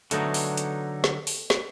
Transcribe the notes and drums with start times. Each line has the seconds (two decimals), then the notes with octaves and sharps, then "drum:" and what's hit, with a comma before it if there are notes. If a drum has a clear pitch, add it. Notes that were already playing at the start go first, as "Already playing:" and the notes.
0.11 D3 F#3 A3 B3 D#4 A4, drum: hi-hat
0.34 drum: open hi-hat
0.57 drum: hi-hat
1.04 drum: snare
1.27 drum: open hi-hat
1.50 drum: snare